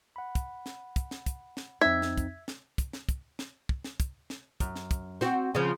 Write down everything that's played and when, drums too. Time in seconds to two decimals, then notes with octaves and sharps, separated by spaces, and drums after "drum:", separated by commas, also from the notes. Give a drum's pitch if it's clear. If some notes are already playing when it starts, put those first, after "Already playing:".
0.16 F#5 B5
0.35 drum: kick, hi-hat
0.66 drum: snare
0.96 drum: kick, hi-hat
1.11 drum: snare
1.26 drum: kick, hi-hat
1.57 drum: snare
1.81 F2 C4 D#4 E5 G#6
2.02 drum: snare
2.18 drum: kick, hi-hat
2.48 drum: snare
2.78 drum: kick, hi-hat
2.93 drum: snare
3.09 drum: kick, hi-hat
3.39 drum: snare
3.69 drum: kick
3.84 drum: snare
4.00 drum: kick, hi-hat
4.30 drum: snare
4.60 F#2, drum: kick, hi-hat
4.76 drum: snare
4.91 drum: kick, hi-hat
5.21 C4 F#4, drum: snare
5.55 C#3 F3